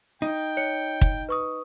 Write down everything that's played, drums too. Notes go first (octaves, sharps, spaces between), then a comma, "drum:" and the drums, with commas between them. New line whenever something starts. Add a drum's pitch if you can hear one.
D#4 G5
C#5 C#7
drum: kick
B4 C#6 D#6